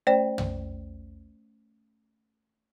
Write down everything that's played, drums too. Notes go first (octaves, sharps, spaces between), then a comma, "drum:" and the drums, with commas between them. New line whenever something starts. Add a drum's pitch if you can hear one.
A3 C#4 C5 D5 G5
drum: tom